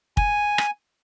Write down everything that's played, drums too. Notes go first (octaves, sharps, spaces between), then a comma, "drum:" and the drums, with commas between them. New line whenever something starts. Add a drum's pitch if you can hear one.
G#5, drum: kick
drum: rim click